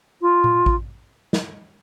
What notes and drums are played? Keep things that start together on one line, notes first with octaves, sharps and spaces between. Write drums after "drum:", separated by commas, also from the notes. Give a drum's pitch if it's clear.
F4
drum: tom A#2
drum: kick A1
drum: snare